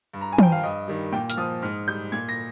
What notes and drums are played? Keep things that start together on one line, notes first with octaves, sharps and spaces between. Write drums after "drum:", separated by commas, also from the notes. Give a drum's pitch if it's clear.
G2
A#5
G#5
F3 G5, drum: tom
F5
G2 D#5
D#3 G3
A#2 G5
F6, drum: hi-hat
F3 D#6
G#2 F6
G3 G6
A#2 G#6
A#6